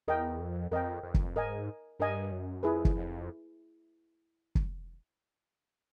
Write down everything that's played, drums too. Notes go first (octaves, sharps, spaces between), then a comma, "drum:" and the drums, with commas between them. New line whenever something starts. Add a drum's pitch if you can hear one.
E2 A#4 D#5 G5
F2
F2 A#4 D#5 G5
F2
drum: kick
G#2 A#4 D#5 G#5
G2 A#4 D#5 G#5
F#2
F2 E4 G#4 B4
drum: kick
F2
drum: kick